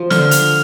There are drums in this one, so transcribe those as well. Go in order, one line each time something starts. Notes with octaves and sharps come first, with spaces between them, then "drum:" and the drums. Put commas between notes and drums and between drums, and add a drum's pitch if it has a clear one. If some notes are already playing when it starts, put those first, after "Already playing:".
Already playing: F3
D3 F6, drum: snare
F7, drum: hi-hat